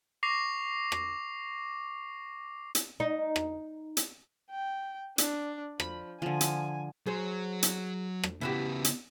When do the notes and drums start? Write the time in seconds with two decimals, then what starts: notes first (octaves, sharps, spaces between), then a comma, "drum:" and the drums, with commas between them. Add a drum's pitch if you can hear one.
0.23 C#6 D6 A#6 C7 F7
0.92 drum: rim click
2.75 drum: hi-hat
3.00 D#4
3.36 drum: rim click
3.97 drum: hi-hat
4.51 G5
5.18 D4, drum: hi-hat
5.80 F3 B5, drum: rim click
6.22 D3 F3 G#5
6.41 drum: hi-hat
7.07 F#3 G#4 C5
7.63 drum: hi-hat
8.23 drum: rim click
8.41 C#3 B3 E4 F#4 G4
8.84 drum: hi-hat